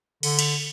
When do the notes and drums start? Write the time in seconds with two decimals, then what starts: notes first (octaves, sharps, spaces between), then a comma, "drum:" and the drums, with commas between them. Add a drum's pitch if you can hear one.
0.23 D3, drum: cymbal
0.39 drum: cymbal